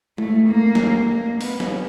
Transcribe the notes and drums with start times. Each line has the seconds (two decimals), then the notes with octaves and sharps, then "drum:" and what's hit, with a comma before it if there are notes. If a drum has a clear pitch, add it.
0.18 A3, drum: tom
0.49 A#3
0.75 drum: snare
1.10 A#3
1.41 B3, drum: open hi-hat
1.60 drum: snare